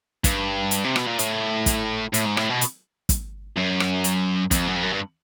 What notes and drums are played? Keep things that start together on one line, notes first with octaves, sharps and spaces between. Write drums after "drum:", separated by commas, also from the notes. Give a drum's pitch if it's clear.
G2, drum: kick, hi-hat
drum: hi-hat
C3
B2, drum: rim click
A#2
A2, drum: hi-hat
drum: kick, hi-hat
A2, drum: hi-hat
G#2
A2, drum: rim click
B2
drum: hi-hat
drum: kick, hi-hat
F#2
drum: rim click
drum: hi-hat
F2, drum: kick, hi-hat
F#2
F2
F#2
G2